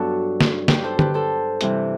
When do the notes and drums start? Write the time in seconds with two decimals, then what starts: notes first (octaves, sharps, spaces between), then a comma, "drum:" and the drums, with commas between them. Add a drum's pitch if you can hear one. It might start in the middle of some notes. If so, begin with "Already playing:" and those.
Already playing: G2 F#3 B3 D4 F#4 A4
0.41 drum: snare
0.68 G4 B4, drum: snare
0.84 A4 C5
0.99 G4 B4, drum: tom D3
1.14 A4 C5
1.61 C3 E3 G3 C4 E4, drum: hi-hat